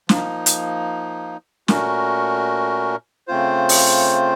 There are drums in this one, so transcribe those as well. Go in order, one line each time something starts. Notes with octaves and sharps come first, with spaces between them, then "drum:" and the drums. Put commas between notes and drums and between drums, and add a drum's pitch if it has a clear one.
F3 A#3 D#4, drum: snare
drum: hi-hat
A#2 A3 C#4 F#4 A#4, drum: snare
C#3 A3 C4 F4 C5
drum: open hi-hat